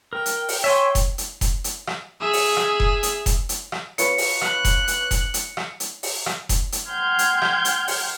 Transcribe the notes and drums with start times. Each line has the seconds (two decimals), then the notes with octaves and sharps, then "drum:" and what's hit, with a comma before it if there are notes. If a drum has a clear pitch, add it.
0.13 A#4 G5
0.26 drum: hi-hat
0.49 drum: open hi-hat
0.64 C#5 E5 G#5 C6
0.95 drum: kick F1, hi-hat
1.18 drum: hi-hat
1.41 drum: kick F1, hi-hat
1.64 drum: hi-hat
1.87 drum: rim click
2.21 G#4 E5
2.34 drum: open hi-hat
2.57 drum: rim click
2.80 drum: kick F1
3.03 drum: hi-hat
3.26 drum: kick F1, hi-hat
3.49 drum: hi-hat
3.72 drum: rim click
3.98 F4 B4 C#5 C#7, drum: hi-hat
4.18 drum: open hi-hat
4.41 F#6, drum: rim click
4.65 drum: kick F1, hi-hat
4.88 drum: hi-hat
5.11 drum: kick F1, hi-hat
5.34 drum: hi-hat
5.57 drum: rim click
5.80 drum: hi-hat
6.03 drum: open hi-hat
6.26 drum: rim click
6.49 drum: kick F1, hi-hat
6.72 drum: hi-hat
6.89 F#5 G5 C6 F6 G6 G#6
7.19 drum: hi-hat
7.42 drum: rim click
7.65 drum: hi-hat
7.88 drum: open hi-hat